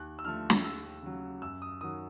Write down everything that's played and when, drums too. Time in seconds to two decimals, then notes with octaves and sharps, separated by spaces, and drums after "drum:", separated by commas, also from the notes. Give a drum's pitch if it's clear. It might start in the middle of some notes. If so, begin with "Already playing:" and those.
Already playing: D#2 F#6
0.19 E6
0.24 D3 F3 A3 F6
0.50 drum: snare
0.64 D#2 E6
1.02 C#3 F#3
1.42 F#2 E6
1.62 D#6
1.81 D#3 F#3 D#6